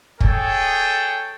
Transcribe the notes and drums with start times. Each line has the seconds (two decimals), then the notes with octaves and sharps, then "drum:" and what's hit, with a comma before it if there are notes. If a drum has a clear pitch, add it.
0.20 G#4 A4 C#5 G5, drum: kick